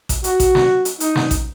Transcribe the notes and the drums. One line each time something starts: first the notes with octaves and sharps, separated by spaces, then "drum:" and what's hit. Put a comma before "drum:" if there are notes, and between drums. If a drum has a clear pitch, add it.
drum: kick A1, hi-hat
F#4, drum: hi-hat
drum: kick A1, hi-hat
drum: snare
drum: hi-hat
D#4, drum: hi-hat
drum: snare
drum: kick A1, hi-hat